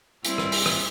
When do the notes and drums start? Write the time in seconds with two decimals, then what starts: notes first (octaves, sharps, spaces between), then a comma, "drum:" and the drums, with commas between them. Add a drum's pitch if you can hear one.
0.25 G3 C4 E4, drum: hi-hat
0.38 drum: rim click
0.52 drum: open hi-hat
0.66 drum: rim click